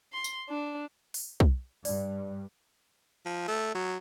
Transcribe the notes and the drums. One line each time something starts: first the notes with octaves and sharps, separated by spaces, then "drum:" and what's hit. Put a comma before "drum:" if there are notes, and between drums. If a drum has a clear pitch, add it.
C6
drum: tambourine
D4
drum: open hi-hat
drum: kick
G2 D5, drum: open hi-hat
F3
A3
F#3